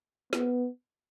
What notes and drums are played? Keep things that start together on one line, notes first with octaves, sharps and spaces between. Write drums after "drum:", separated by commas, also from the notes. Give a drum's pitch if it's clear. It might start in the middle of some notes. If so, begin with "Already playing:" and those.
B3, drum: snare